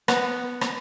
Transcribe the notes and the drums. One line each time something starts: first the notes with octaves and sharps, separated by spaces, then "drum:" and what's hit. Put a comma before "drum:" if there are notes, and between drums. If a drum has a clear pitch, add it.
B3, drum: rim click
drum: rim click